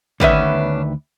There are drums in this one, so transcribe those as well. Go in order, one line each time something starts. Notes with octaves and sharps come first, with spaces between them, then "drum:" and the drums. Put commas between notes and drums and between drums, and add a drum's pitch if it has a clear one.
D2 D#3 G3 B3 C#4 D4 B4 E5, drum: kick